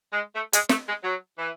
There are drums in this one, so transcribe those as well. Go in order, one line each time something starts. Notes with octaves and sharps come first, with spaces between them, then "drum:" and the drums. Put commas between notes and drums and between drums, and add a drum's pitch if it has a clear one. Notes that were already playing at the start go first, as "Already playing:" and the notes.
G#3
A3
G#3, drum: hi-hat
A3, drum: snare
G#3
F#3
E3